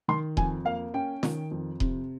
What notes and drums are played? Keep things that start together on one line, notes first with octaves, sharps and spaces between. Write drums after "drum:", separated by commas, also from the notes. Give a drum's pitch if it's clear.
D#3 C6
F2 G#5, drum: kick D#1
A#3 F5
C#4 G5
D#3, drum: snare
F2
C3, drum: kick D#1